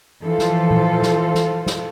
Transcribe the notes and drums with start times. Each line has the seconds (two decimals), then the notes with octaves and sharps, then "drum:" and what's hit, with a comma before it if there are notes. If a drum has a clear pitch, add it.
0.23 E3 F3 F4 A4 C5
0.39 drum: snare
0.71 drum: tom A#2
1.02 drum: snare
1.34 drum: snare
1.66 drum: snare